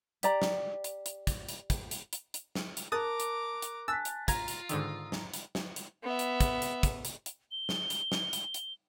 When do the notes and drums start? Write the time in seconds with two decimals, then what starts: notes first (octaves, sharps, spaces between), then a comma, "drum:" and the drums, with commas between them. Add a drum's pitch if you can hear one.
0.23 G4 D5 A#5, drum: hi-hat
0.42 drum: snare
0.84 drum: hi-hat
1.06 drum: hi-hat
1.27 drum: kick, hi-hat
1.49 drum: hi-hat
1.70 drum: kick, hi-hat
1.91 drum: hi-hat
2.13 drum: hi-hat
2.34 drum: hi-hat
2.55 drum: snare
2.77 drum: hi-hat
2.92 A#4 A5 A#5 D6 D#6 F#6 A6
3.20 drum: hi-hat
3.62 drum: hi-hat
3.88 G#5 A5 E6 F#6 A6 B6
4.05 drum: hi-hat
4.28 F4 A#5 G#6 A#6, drum: kick, hi-hat
4.48 drum: hi-hat
4.69 G#2 D3 D#3 D#6 E6, drum: hi-hat
5.12 drum: snare
5.34 drum: hi-hat
5.55 drum: snare
5.76 drum: hi-hat
6.03 B3 E5
6.19 drum: hi-hat
6.40 drum: kick, hi-hat
6.62 drum: hi-hat
6.83 drum: kick, hi-hat
7.05 drum: hi-hat
7.26 drum: hi-hat
7.52 G7
7.69 drum: snare
7.90 drum: hi-hat
8.12 drum: snare
8.33 drum: hi-hat
8.54 drum: hi-hat